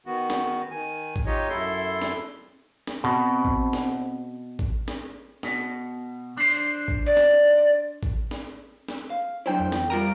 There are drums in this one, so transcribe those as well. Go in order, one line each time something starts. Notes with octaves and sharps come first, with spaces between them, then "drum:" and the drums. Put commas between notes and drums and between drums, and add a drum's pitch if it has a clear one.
D#3 B3 F#4
drum: snare
D#3 G#5
drum: kick A1
D#4 F4 G4 C#5 D#5
F#2 E4 A4 C6
drum: snare
drum: snare
B2 C4
drum: kick A1
drum: snare
drum: kick A1
drum: snare
B2, drum: snare
D4 C5
drum: kick A1
D5
drum: snare
drum: kick A1
drum: snare
drum: snare
F5
F#3 D4 E4 C5 G5
F2
E2, drum: snare
G3 F4 A#4 A#5 D7